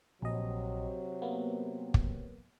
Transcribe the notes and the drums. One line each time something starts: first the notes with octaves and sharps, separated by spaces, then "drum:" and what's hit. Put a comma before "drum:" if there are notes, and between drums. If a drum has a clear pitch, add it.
A#1 C3 F#3 D#5
A#3 B3
drum: kick